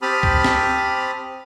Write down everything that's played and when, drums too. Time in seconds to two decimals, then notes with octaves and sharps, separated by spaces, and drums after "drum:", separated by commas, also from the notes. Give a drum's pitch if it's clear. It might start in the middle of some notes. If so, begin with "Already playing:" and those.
0.02 C4 G4 A5 B5 D#6 F6
0.23 drum: kick C#2
0.44 drum: snare